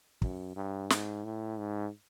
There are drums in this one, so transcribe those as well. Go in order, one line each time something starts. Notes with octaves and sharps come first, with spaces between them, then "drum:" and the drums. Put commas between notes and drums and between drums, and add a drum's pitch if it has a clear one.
F#2, drum: kick
G2
G#2, drum: snare
A2
G#2